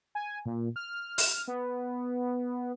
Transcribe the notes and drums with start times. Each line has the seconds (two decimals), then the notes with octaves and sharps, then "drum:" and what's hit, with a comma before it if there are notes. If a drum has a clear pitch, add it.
0.15 G#5
0.46 A#2
0.76 F6
1.18 drum: open hi-hat
1.48 B3